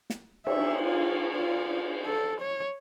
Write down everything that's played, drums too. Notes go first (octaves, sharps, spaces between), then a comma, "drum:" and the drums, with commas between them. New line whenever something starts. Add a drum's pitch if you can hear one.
drum: snare
E5, drum: cymbal
F4
F4
A4
C#5